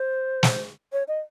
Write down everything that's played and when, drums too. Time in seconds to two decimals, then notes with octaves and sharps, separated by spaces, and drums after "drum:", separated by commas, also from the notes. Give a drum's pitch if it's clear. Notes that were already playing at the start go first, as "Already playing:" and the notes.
Already playing: C5
0.43 drum: snare
0.93 C#5
1.08 D#5